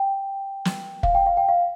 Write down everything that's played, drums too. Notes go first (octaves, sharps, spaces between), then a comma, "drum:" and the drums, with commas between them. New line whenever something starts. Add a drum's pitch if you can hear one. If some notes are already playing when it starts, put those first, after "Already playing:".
Already playing: G5
drum: snare
F5, drum: kick
G5
F5
G5
F5